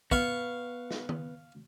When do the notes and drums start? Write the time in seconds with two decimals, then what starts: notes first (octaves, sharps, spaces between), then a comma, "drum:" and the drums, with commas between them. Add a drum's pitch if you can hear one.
0.11 B3 F5 C#6, drum: kick
0.91 drum: snare
1.09 drum: tom D#3